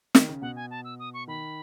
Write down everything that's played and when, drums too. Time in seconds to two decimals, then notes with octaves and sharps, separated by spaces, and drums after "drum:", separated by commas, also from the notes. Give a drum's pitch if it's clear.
0.15 D#3, drum: snare
0.28 C#3
0.41 B2 F#5
0.56 G#5
0.71 A5
0.84 E6
0.99 D#6
1.14 C#6
1.27 D#3 B5